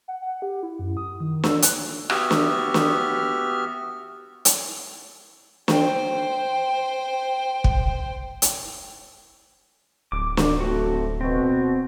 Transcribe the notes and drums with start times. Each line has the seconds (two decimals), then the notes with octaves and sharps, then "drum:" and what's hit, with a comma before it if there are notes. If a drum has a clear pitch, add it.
0.08 F#5
0.22 F#5
0.42 G4
0.63 E4
0.79 F#2
0.97 D#6
1.20 D#3
1.44 E6, drum: snare
1.62 F#6, drum: hi-hat
2.10 B3 F#4 G4 E5 F6, drum: rim click
2.31 drum: snare
2.74 drum: snare
4.45 drum: hi-hat
5.68 C5 G5, drum: snare
7.64 drum: kick
8.42 drum: hi-hat
10.12 D1 D6
10.37 drum: snare
10.61 F#3 A3 C4 F#4
11.21 B2 C4 F#4